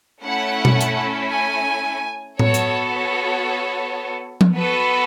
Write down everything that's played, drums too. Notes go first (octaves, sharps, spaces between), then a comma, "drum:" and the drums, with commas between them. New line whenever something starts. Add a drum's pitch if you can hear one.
A3 C#4 E4 F#5
drum: tom B2
drum: hi-hat
G#5
B3 F#4 A4 C#5, drum: tom A2
drum: hi-hat
C#5
drum: tom F3
B3 F#4 A4 B4